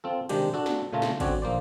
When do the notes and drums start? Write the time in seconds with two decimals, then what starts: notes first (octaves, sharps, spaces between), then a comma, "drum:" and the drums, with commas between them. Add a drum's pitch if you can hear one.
0.04 C4 F4 A4
0.29 C3 D#3 G#3 D4 G4, drum: cymbal
0.54 D4 F#4 A4
0.66 drum: snare
0.93 A#2 C#3 A3 F4 A5 A#5
1.02 drum: snare
1.20 D3 C4 C#4 F#4 C#5 D5, drum: kick, cymbal
1.42 A#1 A#3 C5 D5